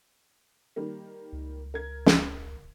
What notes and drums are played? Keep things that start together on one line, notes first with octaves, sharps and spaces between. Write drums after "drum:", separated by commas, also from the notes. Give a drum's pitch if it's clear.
D#3 G3 A#3
C#2
A#4 G#6
drum: snare